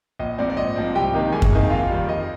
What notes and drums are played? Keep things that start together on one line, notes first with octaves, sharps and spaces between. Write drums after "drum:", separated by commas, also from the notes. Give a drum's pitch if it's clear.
A#1 D#5
G#2 F3 C4 D5
D5
A#1 D#5
G#2 F3 C4
C2 G4 G5
C3 D#3 A#3 D#4
C2 G#4 G#5
drum: kick F#2
C3 D#3 A#3 D#4
F2 F4 F5
D#3 G3
F2 D#5